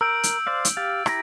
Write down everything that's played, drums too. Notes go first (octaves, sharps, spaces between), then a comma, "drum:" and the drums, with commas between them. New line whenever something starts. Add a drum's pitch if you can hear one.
A#4 E6 G6 D7
drum: hi-hat
C5 D5 F5
drum: hi-hat
G4 F5 A6
E4 G4 A#5, drum: rim click